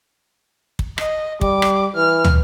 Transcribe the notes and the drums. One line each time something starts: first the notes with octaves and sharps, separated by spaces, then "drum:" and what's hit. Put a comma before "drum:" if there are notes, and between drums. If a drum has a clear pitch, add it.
drum: kick
D#5, drum: rim click
G3 D6, drum: kick
drum: rim click
E3 F6
drum: tom